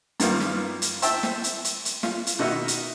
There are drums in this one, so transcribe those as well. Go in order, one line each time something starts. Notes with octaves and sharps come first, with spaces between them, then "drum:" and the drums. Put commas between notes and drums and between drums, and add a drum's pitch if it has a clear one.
G2 D#3 G3 A#3 B3 F4, drum: hi-hat
drum: snare
drum: hi-hat
C5 E5 G5 A5 E6, drum: hi-hat
drum: snare
drum: hi-hat
drum: hi-hat
drum: hi-hat
F4, drum: snare
drum: hi-hat
B2 D#3 D#4 F#4 E5
drum: hi-hat